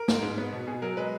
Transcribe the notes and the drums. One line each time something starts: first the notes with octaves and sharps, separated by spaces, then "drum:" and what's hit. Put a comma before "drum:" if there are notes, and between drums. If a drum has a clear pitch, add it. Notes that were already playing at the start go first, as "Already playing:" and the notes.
Already playing: A#4
G#2, drum: snare
G#2
B3
B2
B2 G#4
F#3 A#4
G#3 B4